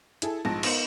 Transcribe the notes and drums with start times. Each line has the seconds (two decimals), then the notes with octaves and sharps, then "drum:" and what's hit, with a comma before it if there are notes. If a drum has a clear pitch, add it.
0.22 E4 G#4 A4, drum: hi-hat
0.45 A#1 G#2 A5 A#6
0.63 B3 D#4 A#4 C5, drum: cymbal